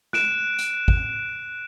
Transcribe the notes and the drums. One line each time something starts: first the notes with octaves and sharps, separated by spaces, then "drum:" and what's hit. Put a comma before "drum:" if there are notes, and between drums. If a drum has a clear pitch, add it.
F#6 D7 E7, drum: snare
drum: hi-hat
drum: kick G#1